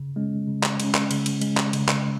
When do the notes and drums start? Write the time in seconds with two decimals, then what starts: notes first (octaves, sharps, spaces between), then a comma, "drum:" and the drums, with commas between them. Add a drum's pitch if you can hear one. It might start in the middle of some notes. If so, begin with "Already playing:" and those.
Already playing: C#3
0.16 G#3 C#4
0.47 C#3
0.63 drum: clap
0.80 G#3 C#4, drum: cymbal
0.95 drum: clap
1.11 C#3, drum: cymbal
1.26 drum: cymbal
1.41 G#3 C#4, drum: cymbal
1.57 drum: clap
1.73 C#3, drum: cymbal
1.89 drum: clap